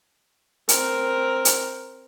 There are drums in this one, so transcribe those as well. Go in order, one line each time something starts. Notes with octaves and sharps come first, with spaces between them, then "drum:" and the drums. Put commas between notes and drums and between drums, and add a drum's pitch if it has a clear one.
C4 A#4, drum: hi-hat
drum: hi-hat